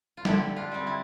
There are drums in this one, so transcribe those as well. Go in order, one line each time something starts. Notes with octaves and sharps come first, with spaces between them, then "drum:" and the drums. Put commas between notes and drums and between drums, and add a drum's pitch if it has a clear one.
F4
D3 E4 G4, drum: snare
D4 F4
G3 C4
E4